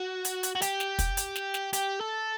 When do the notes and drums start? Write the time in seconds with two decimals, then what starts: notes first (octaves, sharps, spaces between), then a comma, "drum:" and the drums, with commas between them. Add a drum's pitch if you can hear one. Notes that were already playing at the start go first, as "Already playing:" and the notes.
Already playing: F#4
0.25 drum: hi-hat
0.43 drum: hi-hat
0.55 F#4
0.62 G4, drum: hi-hat
0.80 drum: snare
0.99 drum: kick, hi-hat
1.17 drum: hi-hat
1.36 drum: snare
1.54 drum: snare
1.73 G4, drum: hi-hat
2.01 A4